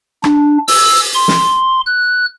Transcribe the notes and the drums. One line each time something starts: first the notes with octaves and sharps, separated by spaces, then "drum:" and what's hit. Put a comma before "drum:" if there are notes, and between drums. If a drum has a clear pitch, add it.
D4, drum: rim click
E6, drum: open hi-hat
C6
drum: snare
F#6